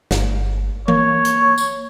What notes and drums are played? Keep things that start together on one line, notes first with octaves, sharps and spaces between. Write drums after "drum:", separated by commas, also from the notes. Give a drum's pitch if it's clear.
G1, drum: snare
A#3 C#5, drum: tom E3
drum: hi-hat
drum: tambourine